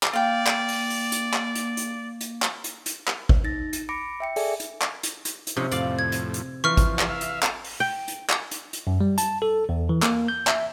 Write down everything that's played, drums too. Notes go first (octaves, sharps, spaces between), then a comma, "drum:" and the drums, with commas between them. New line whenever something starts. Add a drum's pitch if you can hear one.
drum: clap
A#3 D5 F5 G5
drum: clap
drum: open hi-hat
drum: open hi-hat
drum: hi-hat
drum: clap
drum: hi-hat
drum: hi-hat
drum: hi-hat
drum: clap
drum: hi-hat
drum: hi-hat
drum: clap
drum: kick G#1
D#4 A6 A#6
drum: hi-hat
B5 D6 A#6 C#7 D7
E5 G5 C#7
G#4 A4 D5 E5 G#5, drum: open hi-hat
drum: hi-hat
drum: clap
drum: hi-hat
drum: hi-hat
drum: hi-hat
C3 F3 C#4 D#4
F2 A2 D5 F5, drum: hi-hat
G#6
drum: hi-hat
drum: hi-hat
E3 F3 C#6 F6
drum: kick G#1, hi-hat
drum: clap
E5 F5
drum: hi-hat
drum: clap
drum: open hi-hat
G5
drum: hi-hat
drum: clap
drum: hi-hat
drum: hi-hat
F#2
G3
A5, drum: hi-hat
A4
E2
E3
A#3, drum: clap
G6
E5, drum: clap